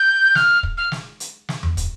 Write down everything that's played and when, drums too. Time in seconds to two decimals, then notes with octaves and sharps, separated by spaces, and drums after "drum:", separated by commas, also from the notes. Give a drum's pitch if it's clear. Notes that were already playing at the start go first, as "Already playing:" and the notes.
Already playing: G6
0.35 F6, drum: snare
0.63 drum: kick
0.77 F6
0.92 drum: snare
1.20 drum: hi-hat
1.49 drum: snare
1.63 drum: tom E2
1.77 drum: kick, hi-hat